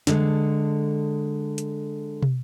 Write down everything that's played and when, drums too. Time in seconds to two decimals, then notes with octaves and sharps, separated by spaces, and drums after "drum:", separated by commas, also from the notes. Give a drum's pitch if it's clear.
0.07 D3 G#3 A4, drum: snare
1.58 drum: hi-hat
2.23 drum: tom